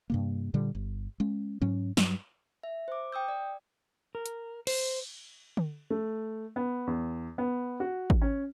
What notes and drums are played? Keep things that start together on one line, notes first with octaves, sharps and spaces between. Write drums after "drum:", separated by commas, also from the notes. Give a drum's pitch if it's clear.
G2 C3 A#3
A#2 D3 G3
G1
G#3 C#4
G#2 F#3 C#4
G2 F#3, drum: snare
E5
C5 D6
G5 D#6 E6 G6
D5
A#4
drum: hi-hat
C5, drum: cymbal
drum: tom D3
A3
B3
E2
B3
F#4
drum: kick G#1
C#4